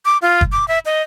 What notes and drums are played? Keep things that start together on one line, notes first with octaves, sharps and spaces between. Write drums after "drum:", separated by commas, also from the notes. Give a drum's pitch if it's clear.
D6
F4
drum: kick
D6
E5
D#5